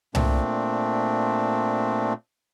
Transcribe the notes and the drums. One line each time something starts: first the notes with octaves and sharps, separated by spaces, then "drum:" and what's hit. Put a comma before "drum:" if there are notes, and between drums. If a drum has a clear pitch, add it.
A#2 A3 C4 D4, drum: tom C2